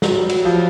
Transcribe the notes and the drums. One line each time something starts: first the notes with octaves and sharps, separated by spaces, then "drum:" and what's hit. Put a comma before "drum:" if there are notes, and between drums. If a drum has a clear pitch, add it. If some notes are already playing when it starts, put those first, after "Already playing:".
F#3, drum: snare
G3
F#3, drum: cymbal
F3